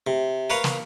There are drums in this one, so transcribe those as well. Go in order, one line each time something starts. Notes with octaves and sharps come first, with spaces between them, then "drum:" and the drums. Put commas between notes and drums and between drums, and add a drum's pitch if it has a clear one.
C3
A#4 B4 C#5 F5
drum: snare